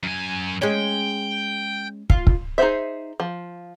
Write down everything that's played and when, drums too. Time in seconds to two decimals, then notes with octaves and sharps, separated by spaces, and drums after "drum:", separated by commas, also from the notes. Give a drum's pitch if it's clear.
0.03 F#2 G#5
0.62 G#3 C#4 G5
2.10 F4, drum: kick
2.27 drum: kick
2.58 D#4 G#4 A#4 C5 E5
3.20 F3